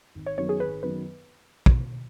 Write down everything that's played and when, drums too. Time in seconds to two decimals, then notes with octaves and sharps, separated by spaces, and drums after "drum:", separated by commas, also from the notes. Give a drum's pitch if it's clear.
0.15 G#1
0.26 C#5
0.38 F#2 D#3 F#3 B3 C#5
0.49 G#4
0.60 G#1 B4
0.83 F#2 D#3 F#3 B3 B4
1.66 drum: kick